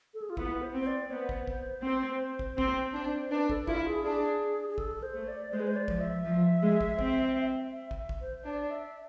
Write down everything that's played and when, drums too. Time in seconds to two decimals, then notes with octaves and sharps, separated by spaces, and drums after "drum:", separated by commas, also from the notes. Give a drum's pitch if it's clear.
0.14 A4
0.22 G#4
0.30 F4
0.37 B3 E4, drum: kick
0.62 C5
0.74 C4
0.80 C5
0.87 D5
1.11 B3 C5
1.29 drum: kick
1.47 drum: kick
1.85 C4
2.39 drum: kick
2.58 C4, drum: kick
2.94 D4
3.31 D4 B4
3.50 A4, drum: kick
3.67 E4 F4, drum: kick
3.87 G#4
4.04 D4 G#4
4.69 G#4
4.78 A4, drum: kick
5.03 C5
5.15 A3
5.28 D5
5.52 G#3 C5
5.60 B4
5.67 C5
5.76 D5
5.88 F3, drum: kick
6.00 E5
6.25 F3
6.63 G#3
6.81 drum: kick
6.99 C4, drum: kick
7.72 E5
7.91 drum: kick
8.09 drum: kick
8.21 C5
8.46 D4 D5
8.71 E5